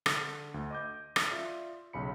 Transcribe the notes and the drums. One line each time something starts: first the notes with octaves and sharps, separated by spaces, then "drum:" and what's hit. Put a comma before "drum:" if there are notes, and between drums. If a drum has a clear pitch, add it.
D3, drum: rim click
D2
D#5 D6 G6
drum: rim click
F4 D5 E5
B1 C#3 B5 C#7